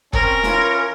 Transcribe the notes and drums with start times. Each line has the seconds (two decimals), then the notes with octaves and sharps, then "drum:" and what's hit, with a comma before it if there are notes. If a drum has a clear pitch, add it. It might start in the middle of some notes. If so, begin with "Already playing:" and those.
0.13 C4 C#4 A#4, drum: kick
0.43 E3 C#4 F4, drum: snare